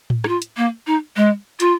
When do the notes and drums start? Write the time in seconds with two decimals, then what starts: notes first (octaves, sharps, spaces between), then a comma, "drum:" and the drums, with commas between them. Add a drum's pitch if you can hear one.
0.10 drum: tom A2
0.24 D#4, drum: rim click
0.28 F4
0.42 drum: hi-hat
0.57 A#3
0.87 D#4
1.16 G#3
1.60 F4, drum: hi-hat